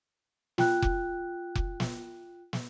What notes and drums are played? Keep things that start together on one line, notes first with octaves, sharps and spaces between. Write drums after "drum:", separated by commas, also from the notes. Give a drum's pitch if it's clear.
F4 G5 F#6, drum: snare
drum: kick F1
drum: kick F1
drum: snare
drum: snare